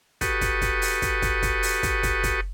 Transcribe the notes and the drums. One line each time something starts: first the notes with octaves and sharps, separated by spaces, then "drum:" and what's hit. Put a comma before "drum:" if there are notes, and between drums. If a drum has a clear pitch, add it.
F#4 G4 A4 B4 C#6 D#6, drum: kick, hi-hat
drum: kick, hi-hat
drum: kick, hi-hat
drum: open hi-hat
drum: kick, hi-hat
drum: kick, hi-hat
drum: kick, hi-hat
drum: open hi-hat
drum: kick, hi-hat
drum: kick, hi-hat
drum: kick, hi-hat